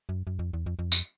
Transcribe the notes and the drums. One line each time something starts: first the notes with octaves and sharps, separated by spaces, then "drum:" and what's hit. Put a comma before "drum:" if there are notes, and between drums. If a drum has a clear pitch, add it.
F#2
F#2
F2
E2
F2
F2
drum: tambourine